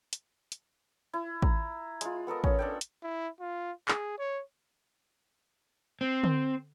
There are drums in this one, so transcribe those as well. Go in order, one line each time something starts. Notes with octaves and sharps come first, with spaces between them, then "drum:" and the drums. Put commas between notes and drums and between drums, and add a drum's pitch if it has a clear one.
drum: hi-hat
drum: hi-hat
E4
A#5, drum: kick A1
G#3 F4, drum: hi-hat
B3 A4 A#4 D#5
C#4, drum: kick A1
D4 A4 G5
drum: hi-hat
E4
F4
G#4, drum: clap
C#5
C4
drum: tom D3